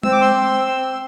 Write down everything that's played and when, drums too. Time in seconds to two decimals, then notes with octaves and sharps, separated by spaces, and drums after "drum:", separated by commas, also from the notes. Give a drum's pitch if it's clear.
0.03 C4 E6, drum: tom G#3
0.12 D6
0.21 C6 E6
0.36 C4
0.67 C4